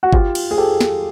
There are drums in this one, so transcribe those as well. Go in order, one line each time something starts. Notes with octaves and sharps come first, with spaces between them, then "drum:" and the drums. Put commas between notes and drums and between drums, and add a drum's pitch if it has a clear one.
F#4
F4 G4, drum: kick G#1
drum: cymbal
G#4
G4 A4
drum: snare